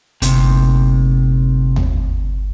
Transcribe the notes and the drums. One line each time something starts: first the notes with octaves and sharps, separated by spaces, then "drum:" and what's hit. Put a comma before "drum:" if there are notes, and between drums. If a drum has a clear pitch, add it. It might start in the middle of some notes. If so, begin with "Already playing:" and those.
G1 C3, drum: hi-hat
drum: tom D#2